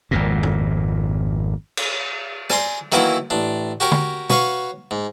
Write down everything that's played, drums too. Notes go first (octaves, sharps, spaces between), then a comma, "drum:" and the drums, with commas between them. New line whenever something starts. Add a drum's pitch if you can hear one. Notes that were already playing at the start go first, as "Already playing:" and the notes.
G#1 F2 A#2
drum: tom F#2
drum: cymbal
D5 G#5 A#5 C6, drum: rim click
D#3 E3 F#3 A#3 B3 E4, drum: hi-hat
A1 D4
F#4 G4 A#4 C#5
drum: tom
F#4 B4 C#5 F5 C#6, drum: tom
G#2